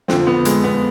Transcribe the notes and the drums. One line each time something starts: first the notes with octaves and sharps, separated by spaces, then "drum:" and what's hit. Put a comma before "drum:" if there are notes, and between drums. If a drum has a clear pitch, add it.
F2 D3 F3 C4, drum: snare
B3
G#3, drum: hi-hat
B3